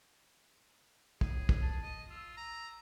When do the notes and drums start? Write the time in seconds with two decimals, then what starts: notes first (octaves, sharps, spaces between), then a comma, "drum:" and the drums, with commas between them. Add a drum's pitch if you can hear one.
1.21 A2 G#4, drum: kick
1.49 drum: kick
1.62 A5
1.83 D#5
2.10 F4 E6
2.37 A#5